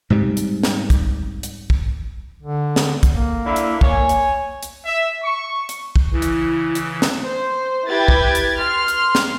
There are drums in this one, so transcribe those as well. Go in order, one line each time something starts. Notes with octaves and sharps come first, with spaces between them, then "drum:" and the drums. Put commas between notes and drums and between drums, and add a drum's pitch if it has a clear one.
G#2 C3 G3
drum: hi-hat
drum: snare
drum: kick, hi-hat
drum: hi-hat
drum: kick
D3
drum: snare
drum: kick, hi-hat
A#3
D3 E4
drum: hi-hat
C#5 G#5, drum: kick
drum: hi-hat
drum: hi-hat
E5
C#6
drum: hi-hat
drum: kick
C#3 E3 E4
drum: hi-hat
drum: hi-hat
drum: snare
C5
E4 G4 B4 G#6 A6
drum: kick
drum: hi-hat
C6 F6
drum: hi-hat
drum: snare